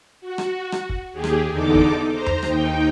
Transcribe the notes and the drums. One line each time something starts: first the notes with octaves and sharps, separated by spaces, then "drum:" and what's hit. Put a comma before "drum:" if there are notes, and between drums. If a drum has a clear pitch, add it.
F#4
drum: rim click
drum: rim click
drum: kick
D#2 G4 G#4
drum: rim click
E2 D3 D#4 A4 D6
drum: kick
C5 A#5
drum: tom E2
D#2 D#4 G5, drum: rim click